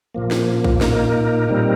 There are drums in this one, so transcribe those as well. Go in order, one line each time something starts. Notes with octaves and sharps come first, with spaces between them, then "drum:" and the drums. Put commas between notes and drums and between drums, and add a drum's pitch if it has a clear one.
A#2 F3 A#3
drum: snare
drum: kick A#1
A#2 A#3 D#4 A#4, drum: snare
A#2 G3 C4 D#4 A#4